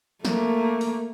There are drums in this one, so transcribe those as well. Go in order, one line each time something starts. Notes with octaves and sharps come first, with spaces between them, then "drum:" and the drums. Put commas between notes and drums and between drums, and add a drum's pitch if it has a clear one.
A3 A#3, drum: snare
drum: open hi-hat